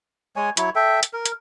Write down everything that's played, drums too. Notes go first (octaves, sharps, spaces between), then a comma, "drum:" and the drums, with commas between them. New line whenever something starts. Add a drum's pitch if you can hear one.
G#3 C#5 G#5
F#3 E4 C#5, drum: hi-hat
A4 E5 G5
drum: hi-hat
A#4
drum: hi-hat